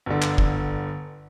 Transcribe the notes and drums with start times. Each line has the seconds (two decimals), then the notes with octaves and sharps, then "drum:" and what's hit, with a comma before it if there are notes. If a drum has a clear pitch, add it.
0.06 G1 D3
0.22 drum: clap
0.38 drum: kick